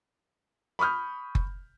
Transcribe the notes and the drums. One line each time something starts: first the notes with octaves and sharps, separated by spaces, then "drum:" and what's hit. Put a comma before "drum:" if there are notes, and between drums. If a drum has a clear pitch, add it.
B5 C#6 D#6 F6 G6
drum: kick F#1